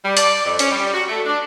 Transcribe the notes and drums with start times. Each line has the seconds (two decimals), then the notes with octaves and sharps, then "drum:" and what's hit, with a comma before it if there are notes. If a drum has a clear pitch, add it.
0.04 G3
0.17 D5, drum: hi-hat
0.45 F2
0.59 C#4, drum: hi-hat
0.71 G3
0.93 F#4
1.08 A3
1.26 D4